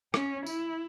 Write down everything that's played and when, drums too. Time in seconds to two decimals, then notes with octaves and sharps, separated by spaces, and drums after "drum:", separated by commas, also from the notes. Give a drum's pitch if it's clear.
0.14 C#4, drum: rim click
0.46 E4, drum: tambourine